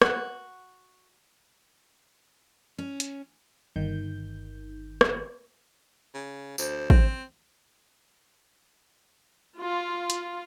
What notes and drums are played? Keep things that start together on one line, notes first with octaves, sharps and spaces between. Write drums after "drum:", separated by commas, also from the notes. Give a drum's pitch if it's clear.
F#4, drum: rim click
C#4
drum: hi-hat
G1 D#3 G6
drum: rim click
C#3
D2 C5, drum: tambourine
C4, drum: kick
F4
drum: hi-hat